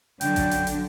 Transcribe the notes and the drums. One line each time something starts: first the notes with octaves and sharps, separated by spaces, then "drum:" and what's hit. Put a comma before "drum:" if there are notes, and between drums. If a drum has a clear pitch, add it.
D3 F#3 D4 G5, drum: hi-hat
drum: kick A1, hi-hat
drum: hi-hat
drum: hi-hat